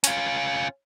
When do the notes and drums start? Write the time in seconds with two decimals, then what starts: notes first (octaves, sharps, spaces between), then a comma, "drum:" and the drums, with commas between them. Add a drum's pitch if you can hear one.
0.04 C#4 F4, drum: hi-hat